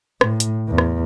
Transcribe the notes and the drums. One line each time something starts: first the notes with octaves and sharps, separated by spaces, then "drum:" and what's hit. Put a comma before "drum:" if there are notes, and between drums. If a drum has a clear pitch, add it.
A2, drum: rim click
drum: hi-hat
E2
drum: rim click